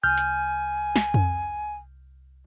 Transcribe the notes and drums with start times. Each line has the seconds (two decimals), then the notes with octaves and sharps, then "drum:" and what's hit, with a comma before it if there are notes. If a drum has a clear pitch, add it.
0.03 C2 G#5 F6 G6
0.18 drum: hi-hat
0.96 drum: snare
1.14 drum: tom F2